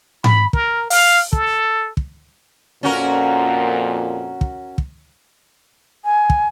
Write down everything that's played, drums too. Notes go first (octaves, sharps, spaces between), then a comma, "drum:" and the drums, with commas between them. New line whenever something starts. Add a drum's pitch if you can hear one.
B5, drum: tom G#2
A#4, drum: kick
F5, drum: open hi-hat
A4, drum: kick
drum: kick
F2 A#2 C#4 F#4 A#4
drum: kick
drum: kick
G#5
drum: kick